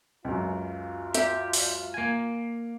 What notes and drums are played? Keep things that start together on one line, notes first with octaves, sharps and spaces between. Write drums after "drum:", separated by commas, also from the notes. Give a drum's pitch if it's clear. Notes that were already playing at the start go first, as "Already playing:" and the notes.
C#2 F#2 F4
G4 E5, drum: hi-hat
drum: open hi-hat
A#3 G#5